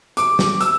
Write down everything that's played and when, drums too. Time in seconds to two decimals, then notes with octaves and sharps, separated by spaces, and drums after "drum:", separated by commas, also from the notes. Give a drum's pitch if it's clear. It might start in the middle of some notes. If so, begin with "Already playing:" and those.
0.17 D6, drum: hi-hat
0.39 drum: snare
0.61 E6, drum: hi-hat